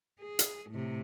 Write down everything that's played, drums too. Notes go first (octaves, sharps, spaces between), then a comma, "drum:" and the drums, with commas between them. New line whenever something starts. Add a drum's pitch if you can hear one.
G#4
drum: hi-hat
A2 C3